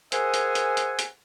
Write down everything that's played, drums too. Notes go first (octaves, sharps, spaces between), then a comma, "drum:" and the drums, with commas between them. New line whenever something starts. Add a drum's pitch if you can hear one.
G#4 A#4 C5 E5 F#5 G#5, drum: hi-hat
drum: hi-hat
drum: hi-hat
drum: hi-hat
drum: hi-hat